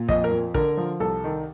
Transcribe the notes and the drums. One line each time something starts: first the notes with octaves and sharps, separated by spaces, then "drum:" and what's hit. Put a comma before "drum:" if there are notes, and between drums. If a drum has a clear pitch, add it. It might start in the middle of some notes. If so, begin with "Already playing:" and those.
Already playing: A#2
F2 D#5, drum: kick
A#4
F2
D3 A#4, drum: kick
F3
C2 A4
D#3